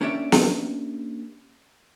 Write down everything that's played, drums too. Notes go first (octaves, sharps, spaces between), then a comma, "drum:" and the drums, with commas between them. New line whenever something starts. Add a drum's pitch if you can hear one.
A#3 C#4 D4 G4 D5 E5
drum: snare